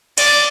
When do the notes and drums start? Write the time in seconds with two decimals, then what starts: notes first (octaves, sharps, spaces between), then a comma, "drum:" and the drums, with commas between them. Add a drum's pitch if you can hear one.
0.18 D5, drum: cymbal